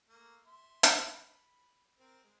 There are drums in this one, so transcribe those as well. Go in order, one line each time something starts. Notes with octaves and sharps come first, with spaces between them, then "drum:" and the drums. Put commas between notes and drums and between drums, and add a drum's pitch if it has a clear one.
A3 A#3
E5 C6
drum: hi-hat
B5
C4 A#4
G#3